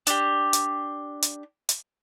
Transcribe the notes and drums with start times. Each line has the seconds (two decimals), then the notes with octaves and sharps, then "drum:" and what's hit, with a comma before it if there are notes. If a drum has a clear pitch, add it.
0.07 D4 G4, drum: hi-hat
0.53 drum: hi-hat
1.22 drum: hi-hat
1.69 drum: hi-hat